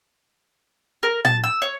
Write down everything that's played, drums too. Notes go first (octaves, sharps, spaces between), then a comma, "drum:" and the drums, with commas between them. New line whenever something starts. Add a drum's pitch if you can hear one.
A#4
A5, drum: tom A#2
E6
C#5